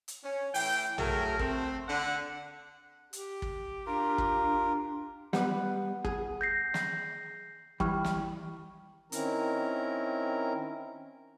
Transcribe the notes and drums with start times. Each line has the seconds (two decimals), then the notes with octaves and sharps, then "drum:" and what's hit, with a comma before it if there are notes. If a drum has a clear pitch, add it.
0.08 drum: hi-hat
0.24 C#4
0.54 A2 E3 G5, drum: open hi-hat
0.98 F#3 A3 G#4 A#4, drum: tom A#1
1.39 A3 C4, drum: kick
1.88 D3 F#5
3.13 G4, drum: hi-hat
3.42 drum: kick
3.87 D4 F4 A#4
4.18 drum: kick
5.33 G3 B3 B4 F#5, drum: snare
6.05 G#4, drum: kick
6.41 G6 A#6 C7
6.74 drum: snare
7.80 E3 G3 G5 C#6 F6, drum: kick
8.04 drum: snare
9.12 D#3 C4 C#4 E4 A#4 A#5, drum: hi-hat